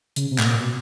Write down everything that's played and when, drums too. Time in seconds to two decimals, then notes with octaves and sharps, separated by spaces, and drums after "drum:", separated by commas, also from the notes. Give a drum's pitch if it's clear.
0.16 C#3, drum: hi-hat
0.31 C3
0.38 A2, drum: clap
0.45 A#2
0.60 B2